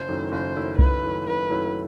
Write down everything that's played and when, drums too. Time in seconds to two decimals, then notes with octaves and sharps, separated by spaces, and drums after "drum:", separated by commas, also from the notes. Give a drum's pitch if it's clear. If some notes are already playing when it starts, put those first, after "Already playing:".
Already playing: F#1 C5
0.09 F#2 D#3 A3 E4
0.32 F#1 C5
0.55 F#2 D#3 A3 E4
0.79 F#1 B4, drum: kick C2
1.03 F#2 D#3 A3 E4
1.27 F#1 B4
1.50 F#2 D#3 A3 E4